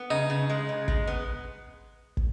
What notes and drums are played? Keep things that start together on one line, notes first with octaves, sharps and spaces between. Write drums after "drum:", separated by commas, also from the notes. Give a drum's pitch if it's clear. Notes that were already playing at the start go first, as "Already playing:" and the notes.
Already playing: B3
C#3 D#4
C#3
G#3
C#3
G#3, drum: kick
B3
drum: kick